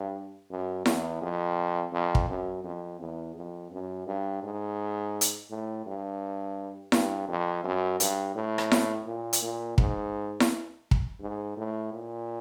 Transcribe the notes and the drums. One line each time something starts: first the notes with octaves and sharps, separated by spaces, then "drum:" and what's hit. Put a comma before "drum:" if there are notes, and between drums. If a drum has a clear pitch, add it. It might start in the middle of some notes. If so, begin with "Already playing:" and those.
Already playing: G2
F#2
E2, drum: snare E4
F2
F2
drum: kick
F#2
F2
E2
F2
F#2
G2
G#2
drum: hi-hat
A2
G2
G2, drum: snare E4
F2
F#2
G2, drum: hi-hat
A2
drum: rim click
drum: snare E4
A#2
drum: hi-hat
A#2
G#2, drum: kick
drum: snare E4
drum: kick
G#2
A2
A#2